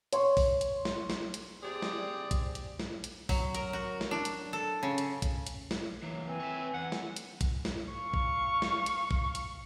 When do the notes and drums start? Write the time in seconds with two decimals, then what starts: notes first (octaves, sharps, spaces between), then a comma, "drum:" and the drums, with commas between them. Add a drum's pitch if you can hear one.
0.13 C#5 C6 C#6, drum: hi-hat
0.37 drum: kick A#1, open hi-hat
0.61 drum: hi-hat
0.85 drum: snare
1.10 drum: snare
1.34 drum: hi-hat
1.63 C3 C4 G#4 D5
1.82 drum: snare
2.31 drum: kick A#1, hi-hat
2.55 drum: hi-hat
2.80 drum: snare
3.04 drum: hi-hat
3.29 F#3, drum: kick A#1, open hi-hat
3.55 A#4, drum: hi-hat
3.73 F#4
4.01 drum: snare
4.11 D4
4.25 drum: hi-hat
4.53 A4
4.83 C#3
4.98 drum: hi-hat
5.22 drum: kick A#1, hi-hat
5.47 drum: hi-hat
5.71 drum: snare
6.03 E3 F#3 A#3
6.28 C4 B4 G#5
6.40 C#5 E5
6.74 E2 F#5
6.92 drum: snare
7.16 drum: hi-hat
7.41 drum: kick A#1, hi-hat
7.65 drum: snare
7.93 F5 C#6
8.14 drum: kick A#1
8.62 drum: snare
8.86 drum: hi-hat
9.11 drum: kick A#1
9.35 drum: hi-hat